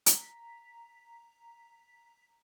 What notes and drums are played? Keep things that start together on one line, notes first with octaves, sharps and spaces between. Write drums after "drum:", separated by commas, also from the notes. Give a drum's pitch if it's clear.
A#5 B6, drum: hi-hat